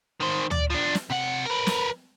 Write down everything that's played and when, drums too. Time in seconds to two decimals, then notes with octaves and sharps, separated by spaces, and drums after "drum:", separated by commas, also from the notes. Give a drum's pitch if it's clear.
0.20 D#3 C5
0.51 D5, drum: tom
0.70 F3 D4
0.95 drum: snare
1.10 C3 F#5
1.46 A#4 B4
1.67 drum: snare